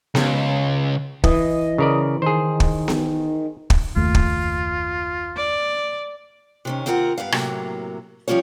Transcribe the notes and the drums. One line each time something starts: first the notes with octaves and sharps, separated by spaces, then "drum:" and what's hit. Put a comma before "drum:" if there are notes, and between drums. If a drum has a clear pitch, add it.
C#2, drum: snare B3
E3 D#5, drum: kick
C#3 A#4 D5
D#3 G#4 C5
drum: kick
drum: snare B3
drum: kick
F#1 D#2 A3 F4
drum: kick
D5
C3 D#3 C#4
D#2 C4 F4 A#4 F#5
G2 C#3 B3 F5
A2 C3 F#3 A#3, drum: rim click
F3 G3 C#4 F4 C#5